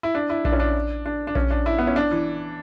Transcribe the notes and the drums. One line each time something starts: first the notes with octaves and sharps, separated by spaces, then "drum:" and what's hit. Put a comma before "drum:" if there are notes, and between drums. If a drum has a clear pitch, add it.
E4
D4
E4
D4, drum: kick A#1
C#4
D4
D4
D4
C#4, drum: kick A#1
D4
E4
B3
C#4
D4
E3